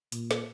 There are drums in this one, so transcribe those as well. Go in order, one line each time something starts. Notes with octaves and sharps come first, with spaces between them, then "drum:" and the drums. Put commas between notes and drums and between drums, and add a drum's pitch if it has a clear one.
A#2, drum: hi-hat
drum: snare